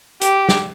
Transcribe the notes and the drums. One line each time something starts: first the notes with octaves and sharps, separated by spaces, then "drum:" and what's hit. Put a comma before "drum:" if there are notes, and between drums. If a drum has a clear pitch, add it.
G4, drum: hi-hat
drum: snare